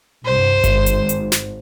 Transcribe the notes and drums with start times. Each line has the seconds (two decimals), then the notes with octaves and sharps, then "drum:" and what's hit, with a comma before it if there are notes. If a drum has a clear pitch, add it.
0.25 C2 G2 C5
0.64 G#1, drum: kick G1, hi-hat
0.86 drum: hi-hat
1.09 drum: hi-hat
1.32 drum: snare